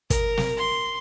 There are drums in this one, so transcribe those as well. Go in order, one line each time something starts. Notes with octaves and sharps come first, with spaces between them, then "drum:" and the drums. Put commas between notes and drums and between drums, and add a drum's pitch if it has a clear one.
A#4, drum: kick, hi-hat
drum: snare
C6